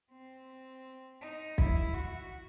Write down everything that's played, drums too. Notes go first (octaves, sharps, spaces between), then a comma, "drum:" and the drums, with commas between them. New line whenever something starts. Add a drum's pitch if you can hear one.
C4
D#4
E4, drum: kick
F#4